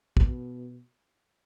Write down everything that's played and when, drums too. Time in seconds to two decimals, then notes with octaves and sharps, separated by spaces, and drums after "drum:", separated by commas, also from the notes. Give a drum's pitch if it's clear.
0.17 B2, drum: kick